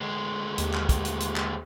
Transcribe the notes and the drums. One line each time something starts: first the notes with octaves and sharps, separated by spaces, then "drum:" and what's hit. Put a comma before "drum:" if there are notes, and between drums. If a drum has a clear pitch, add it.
D2 G#3
D#2 G4, drum: hi-hat
drum: clap
drum: kick, hi-hat
drum: hi-hat
drum: hi-hat
drum: clap